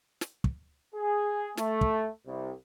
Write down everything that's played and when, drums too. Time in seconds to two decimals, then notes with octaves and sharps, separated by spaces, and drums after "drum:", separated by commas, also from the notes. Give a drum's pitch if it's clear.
0.21 drum: snare
0.44 drum: kick
0.94 G#4
1.57 A3, drum: snare
1.81 drum: kick
2.27 C2